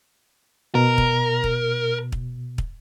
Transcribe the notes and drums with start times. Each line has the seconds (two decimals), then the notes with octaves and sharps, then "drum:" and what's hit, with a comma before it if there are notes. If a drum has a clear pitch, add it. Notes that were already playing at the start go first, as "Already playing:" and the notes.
0.75 B2 A#4
0.98 drum: kick
1.44 drum: kick
2.12 drum: kick
2.58 drum: kick